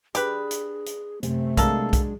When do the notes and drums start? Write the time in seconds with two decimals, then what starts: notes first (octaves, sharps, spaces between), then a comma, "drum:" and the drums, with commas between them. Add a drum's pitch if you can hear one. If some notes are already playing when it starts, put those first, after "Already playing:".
0.15 D4 G4 G#4 B4, drum: hi-hat
0.51 drum: hi-hat
0.86 drum: hi-hat
1.23 F#2 C3 A3 C4, drum: hi-hat
1.57 F#3 G#3 A#3 D4 A4, drum: kick B1, hi-hat
1.93 drum: kick B1, hi-hat